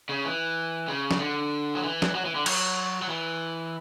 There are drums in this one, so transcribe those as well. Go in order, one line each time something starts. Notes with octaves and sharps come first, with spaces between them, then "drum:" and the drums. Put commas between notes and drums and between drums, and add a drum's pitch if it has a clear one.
C#3
E3
C#3
drum: snare
D3
F#3
E3
drum: snare
F#3
E3
D3
F#3, drum: cymbal
F#3
E3